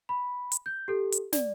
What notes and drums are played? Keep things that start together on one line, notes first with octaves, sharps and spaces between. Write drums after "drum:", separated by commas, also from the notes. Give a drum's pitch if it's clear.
B5
drum: hi-hat
G6
G4 A4
drum: hi-hat
D5, drum: snare